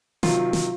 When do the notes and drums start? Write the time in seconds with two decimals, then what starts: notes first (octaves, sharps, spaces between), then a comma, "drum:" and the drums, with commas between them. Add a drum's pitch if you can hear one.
0.23 C3 D#3 F#3 F4, drum: snare
0.53 drum: snare